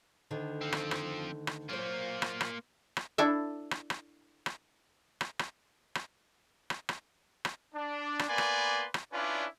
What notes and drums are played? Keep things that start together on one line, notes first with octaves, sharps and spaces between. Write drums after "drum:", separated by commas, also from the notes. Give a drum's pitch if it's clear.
D2 D3 D#3
F3 C4
drum: rim click
drum: rim click
drum: rim click
F#3 A#3 F4 C5
drum: rim click
drum: rim click
drum: rim click
D4 E4 A4 E5
drum: rim click
drum: rim click
drum: rim click
drum: rim click
drum: rim click
drum: rim click
drum: rim click
drum: rim click
drum: rim click
D4
drum: rim click
A#3 B3 B4 D5 G#5 C6
drum: rim click
drum: rim click
C#4 D4 E4 F4 B4 D5